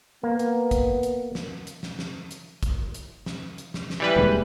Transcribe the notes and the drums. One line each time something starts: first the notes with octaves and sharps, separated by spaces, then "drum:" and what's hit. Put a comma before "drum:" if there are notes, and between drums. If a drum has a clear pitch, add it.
A#3 B3
drum: hi-hat
drum: kick, hi-hat
drum: hi-hat
drum: snare
drum: hi-hat
drum: snare
drum: snare
drum: hi-hat
drum: kick, hi-hat
drum: hi-hat
drum: snare
drum: hi-hat
drum: snare
drum: snare
E3 G3 B4
D#1 D3 G#3